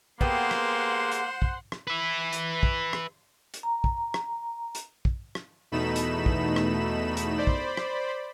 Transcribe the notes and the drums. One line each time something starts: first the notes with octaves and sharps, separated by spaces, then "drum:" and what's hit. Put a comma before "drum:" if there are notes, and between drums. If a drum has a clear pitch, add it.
A#3 B3 G4 G#4 C5 F#5 C6, drum: kick
drum: rim click
drum: hi-hat
drum: kick
drum: rim click
B4 E5
drum: hi-hat
drum: kick
drum: rim click
drum: hi-hat
A#5
drum: kick
drum: rim click
drum: hi-hat
drum: kick
drum: rim click
E2 B2 A3 D#4 B5 E7
drum: hi-hat
drum: kick
drum: rim click
drum: hi-hat
C5 D5 B5
drum: kick
drum: rim click